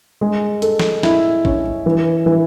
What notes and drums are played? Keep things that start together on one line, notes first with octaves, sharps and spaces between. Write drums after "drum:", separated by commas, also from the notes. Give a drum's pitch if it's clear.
G#3
A4, drum: hi-hat
drum: snare
E4, drum: snare
C#4, drum: kick A#1
E3
E3